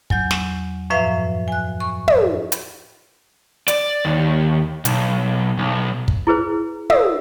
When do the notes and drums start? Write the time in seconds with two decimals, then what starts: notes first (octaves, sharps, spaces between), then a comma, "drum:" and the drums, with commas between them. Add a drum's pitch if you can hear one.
0.10 E2 F#3 G6, drum: kick
0.31 drum: snare
0.90 F#2 A2 F3 B4 E5 F5
1.48 G#5 F#6
1.80 C#6
2.08 drum: tom
2.52 drum: hi-hat
3.68 D5, drum: hi-hat
4.05 D#2
4.85 B1, drum: hi-hat
5.59 B1
6.08 drum: kick
6.27 E4 G#4 B4 C5
6.90 A4 F5 F#5 D#6 E6, drum: tom